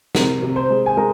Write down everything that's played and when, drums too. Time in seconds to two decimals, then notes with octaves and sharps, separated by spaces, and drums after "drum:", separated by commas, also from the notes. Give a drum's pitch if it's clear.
0.15 C3 A#4, drum: snare
0.42 C3
0.56 C5
0.70 G#3
0.86 G#5
0.97 G#3 A#4 A#5